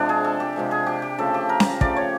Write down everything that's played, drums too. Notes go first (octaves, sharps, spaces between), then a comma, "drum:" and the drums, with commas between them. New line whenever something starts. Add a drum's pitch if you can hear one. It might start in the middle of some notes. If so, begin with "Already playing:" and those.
Already playing: C3 F3 G#3 D4
G#4
A4
G4
C3 F3 G#3
G#4
G4
G4
C#3 F3 A3 A4
G4
A#4
drum: snare C#4
C#3 F3 A3 D5, drum: kick
C#5